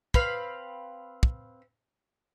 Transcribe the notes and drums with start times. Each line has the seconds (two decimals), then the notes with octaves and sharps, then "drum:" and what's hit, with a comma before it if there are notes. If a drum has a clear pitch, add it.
0.14 C4 B4 F5, drum: kick
1.23 drum: kick